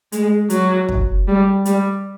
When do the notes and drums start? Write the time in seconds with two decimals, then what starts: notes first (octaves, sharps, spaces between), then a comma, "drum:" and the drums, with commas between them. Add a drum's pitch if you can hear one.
0.12 G#3, drum: hi-hat
0.50 F#3, drum: hi-hat
0.89 drum: kick
1.28 G3
1.65 G3, drum: hi-hat